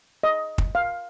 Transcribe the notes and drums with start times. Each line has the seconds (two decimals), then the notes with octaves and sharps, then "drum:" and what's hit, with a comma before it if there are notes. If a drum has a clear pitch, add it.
0.23 D#5
0.58 drum: kick
0.75 F5